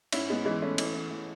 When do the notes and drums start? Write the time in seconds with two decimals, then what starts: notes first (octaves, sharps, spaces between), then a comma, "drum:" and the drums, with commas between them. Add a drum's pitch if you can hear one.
0.12 G#2 C#4 E4, drum: cymbal
0.29 G#2 G#3 B3
0.45 E3 G#3
0.62 E3 A3 C#4
0.78 E3, drum: cymbal
0.95 E3
1.11 E3